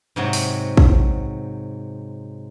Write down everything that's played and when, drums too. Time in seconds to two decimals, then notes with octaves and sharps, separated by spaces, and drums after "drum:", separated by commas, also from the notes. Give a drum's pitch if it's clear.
0.16 G#2 C3 F#3
0.33 drum: open hi-hat
0.77 drum: kick